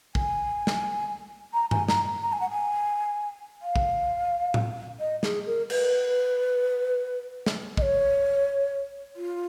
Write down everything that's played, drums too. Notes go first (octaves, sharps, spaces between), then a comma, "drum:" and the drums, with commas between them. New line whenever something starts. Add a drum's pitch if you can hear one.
G#5, drum: kick
drum: snare
A#5
G#5, drum: tom G2
A#5, drum: snare
A#5
G#5
F#5
G#5
F5
drum: kick
drum: tom A2
D#5
G#4, drum: snare
A#4
B4, drum: cymbal
drum: snare
D#5, drum: kick
C#5
F4